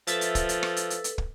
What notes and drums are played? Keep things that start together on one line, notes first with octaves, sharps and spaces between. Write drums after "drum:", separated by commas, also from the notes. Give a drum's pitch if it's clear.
F3 A4 B4 E5 A6, drum: hi-hat
drum: hi-hat
drum: kick, hi-hat
drum: hi-hat
drum: rim click
drum: hi-hat
drum: hi-hat
drum: hi-hat
drum: kick